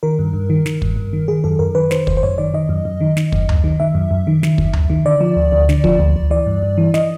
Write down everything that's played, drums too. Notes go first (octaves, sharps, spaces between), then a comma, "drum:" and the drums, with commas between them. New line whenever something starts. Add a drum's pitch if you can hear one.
D#3 A#4
G2
G2
D#3
D#3, drum: snare
G2, drum: kick
G2
D#3
D#3 G#4
F#2 A4
F#2 A#4
D#3 B4
D#3 C5, drum: snare
F#2 C5, drum: kick
C5
F#2 C#5
D#3 D5
D#3 D#5
F#2
F#2
D#3
D#3, drum: snare
F#2, drum: kick
F#2, drum: tom D2
D#3
D#3 E5
F#2
F#2
D#3
D#3, drum: snare
F#2, drum: kick
F#2, drum: tom D2
D#3
D3 D5
F3
D2
D2
D3, drum: snare
F3, drum: kick
D2
D2
E3 D5
G2
G2
E3
E3 D#5, drum: snare